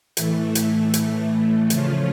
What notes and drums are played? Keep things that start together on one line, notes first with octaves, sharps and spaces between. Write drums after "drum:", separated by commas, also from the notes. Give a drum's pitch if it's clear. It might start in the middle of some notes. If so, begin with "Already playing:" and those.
A2 E3 A3, drum: hi-hat
drum: hi-hat
drum: hi-hat
C#3 F3 A3 C#4 F4, drum: hi-hat